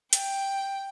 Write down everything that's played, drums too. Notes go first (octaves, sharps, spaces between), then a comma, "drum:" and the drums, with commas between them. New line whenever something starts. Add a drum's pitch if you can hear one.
G5, drum: hi-hat